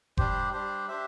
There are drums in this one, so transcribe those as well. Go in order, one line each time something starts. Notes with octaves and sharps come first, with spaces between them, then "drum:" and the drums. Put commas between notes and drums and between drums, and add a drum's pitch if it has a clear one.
G3 D4 G4 C5, drum: kick F1
G3 D4 G4 C5
D4 G4 C5 E5